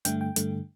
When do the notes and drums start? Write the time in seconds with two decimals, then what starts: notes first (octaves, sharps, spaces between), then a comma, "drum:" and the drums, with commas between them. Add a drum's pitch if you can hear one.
0.05 G2 D3 A3 G5, drum: hi-hat
0.21 G5
0.36 G2 D3 A3, drum: hi-hat